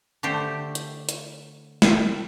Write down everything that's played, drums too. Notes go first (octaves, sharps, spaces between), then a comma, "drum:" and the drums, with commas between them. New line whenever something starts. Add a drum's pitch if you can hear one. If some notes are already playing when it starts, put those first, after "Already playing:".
D3 A3 G4 C5
drum: hi-hat
drum: hi-hat
drum: snare